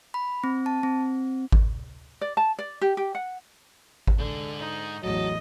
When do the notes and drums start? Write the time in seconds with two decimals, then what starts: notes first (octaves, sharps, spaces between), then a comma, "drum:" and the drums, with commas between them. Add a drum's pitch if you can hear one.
0.14 B5
0.44 C4
0.66 A5
0.83 C4
1.52 drum: kick G#1
2.21 D5
2.37 A5
2.59 D5
2.81 G4
2.97 G4
3.15 F#5
4.07 drum: kick G#1
4.18 G#2 D3 G#4
4.60 D#4
5.04 A1 E2 F#3 A4 D#5